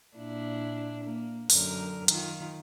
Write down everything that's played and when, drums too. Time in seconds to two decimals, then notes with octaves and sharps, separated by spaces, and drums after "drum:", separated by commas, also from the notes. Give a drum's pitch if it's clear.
0.17 A#2 D4 E4
1.04 A#3
1.50 F#2 D3 A#4, drum: open hi-hat
2.08 D#3 F4, drum: hi-hat